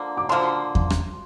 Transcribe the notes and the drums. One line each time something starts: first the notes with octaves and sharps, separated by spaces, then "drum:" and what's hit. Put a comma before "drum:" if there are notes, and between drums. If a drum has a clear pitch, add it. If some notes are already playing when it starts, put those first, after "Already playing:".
Already playing: D3 F3 A#3
D6
D3 F3 A#3 C6
drum: kick E2
drum: rim click